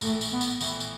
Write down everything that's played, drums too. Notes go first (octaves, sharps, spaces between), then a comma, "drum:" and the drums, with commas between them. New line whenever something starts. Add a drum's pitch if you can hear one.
A#1 A2 E3 A3, drum: tambourine
drum: tambourine
B3
drum: tambourine
A#1 A2 E3, drum: tambourine
drum: tambourine